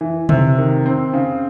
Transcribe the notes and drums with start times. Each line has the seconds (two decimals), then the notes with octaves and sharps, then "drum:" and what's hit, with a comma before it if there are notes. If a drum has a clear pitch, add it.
0.01 E3
0.29 C3, drum: tom C#3
0.58 D#3
0.86 C4
1.13 C#3